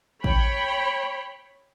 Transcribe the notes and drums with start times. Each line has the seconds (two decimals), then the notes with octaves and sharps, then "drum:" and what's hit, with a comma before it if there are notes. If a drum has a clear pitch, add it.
0.24 C#5 G5 B5, drum: kick